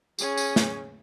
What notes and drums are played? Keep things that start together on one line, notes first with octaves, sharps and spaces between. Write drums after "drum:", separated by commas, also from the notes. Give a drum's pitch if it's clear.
C#4 G#4, drum: tambourine
drum: tambourine
drum: snare